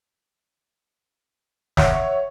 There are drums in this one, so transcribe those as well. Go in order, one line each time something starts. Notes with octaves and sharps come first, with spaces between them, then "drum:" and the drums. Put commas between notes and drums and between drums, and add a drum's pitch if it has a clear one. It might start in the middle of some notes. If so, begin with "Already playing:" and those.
C#5 E5 F#5, drum: snare